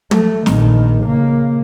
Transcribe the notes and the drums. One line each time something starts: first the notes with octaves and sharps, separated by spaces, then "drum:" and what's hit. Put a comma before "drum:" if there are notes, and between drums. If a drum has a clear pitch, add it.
A3, drum: tom
A#1 D#3, drum: snare
C#3 A#3